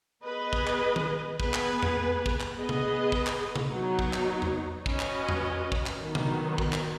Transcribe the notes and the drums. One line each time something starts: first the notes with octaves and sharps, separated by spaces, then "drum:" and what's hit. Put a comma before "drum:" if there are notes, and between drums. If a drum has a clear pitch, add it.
B3 G#4 B4 D#5
drum: kick
drum: clap
drum: tom D#3
B3 G#4 B4, drum: kick
drum: clap
drum: tom E2
drum: kick
drum: clap
B3 G#4 B4 D#5
drum: tom C3
drum: kick
drum: clap
drum: tom C3
F#3 B3 D#4
drum: kick
drum: clap
drum: tom E2
C#4 F#4 B4 D#5, drum: kick
drum: clap
drum: tom E2
drum: kick
drum: clap
D#3 F#3 B3
drum: tom C3
drum: kick
drum: clap